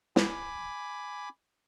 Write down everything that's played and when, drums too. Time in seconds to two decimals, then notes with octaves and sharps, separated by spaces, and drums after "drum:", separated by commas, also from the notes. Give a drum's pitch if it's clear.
0.16 G#5 B5 D6, drum: snare